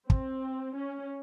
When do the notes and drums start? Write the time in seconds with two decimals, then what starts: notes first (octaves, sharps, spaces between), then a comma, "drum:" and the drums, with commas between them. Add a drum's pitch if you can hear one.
0.10 C4, drum: kick
0.76 C#4